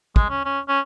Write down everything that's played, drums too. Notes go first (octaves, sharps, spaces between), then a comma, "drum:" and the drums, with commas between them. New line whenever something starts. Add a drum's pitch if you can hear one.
G#3, drum: kick
C#4
C#4
C#4